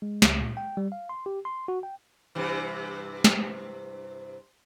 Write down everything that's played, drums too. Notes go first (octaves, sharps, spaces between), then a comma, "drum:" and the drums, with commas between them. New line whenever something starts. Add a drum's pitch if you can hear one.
G#3
C#2, drum: snare
A#2
G5
G3
F5
C6
G4
C6
F#4
G5
G2 C3 E3
drum: snare